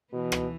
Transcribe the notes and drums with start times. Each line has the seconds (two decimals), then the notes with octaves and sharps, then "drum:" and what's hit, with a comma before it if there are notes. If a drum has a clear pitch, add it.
0.13 B2 E3
0.32 drum: rim click